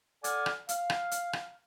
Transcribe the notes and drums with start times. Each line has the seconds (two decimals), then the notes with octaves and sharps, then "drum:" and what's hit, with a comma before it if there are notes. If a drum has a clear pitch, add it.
0.24 A4 D5 F#5 G#5 D6 F6, drum: hi-hat
0.46 drum: rim click
0.69 F5, drum: hi-hat
0.90 drum: rim click
1.11 drum: hi-hat
1.33 drum: rim click